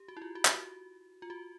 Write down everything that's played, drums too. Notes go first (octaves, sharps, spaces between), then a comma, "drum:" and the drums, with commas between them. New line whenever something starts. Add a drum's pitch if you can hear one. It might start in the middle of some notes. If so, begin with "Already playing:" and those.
Already playing: G4
F#4
E4
F4
F#4
G4, drum: clap
F#4
F4
F#4